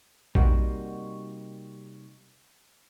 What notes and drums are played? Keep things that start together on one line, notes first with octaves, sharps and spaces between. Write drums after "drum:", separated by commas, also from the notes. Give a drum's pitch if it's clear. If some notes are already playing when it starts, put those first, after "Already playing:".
C3 G3 A#3 D#4 F#4, drum: kick A#1